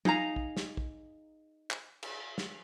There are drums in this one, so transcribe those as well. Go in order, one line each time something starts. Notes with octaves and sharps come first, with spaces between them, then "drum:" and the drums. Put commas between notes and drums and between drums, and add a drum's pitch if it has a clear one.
D#4 G#4 F5 A#5, drum: tom
drum: kick
drum: snare
drum: kick
drum: clap
drum: cymbal
drum: snare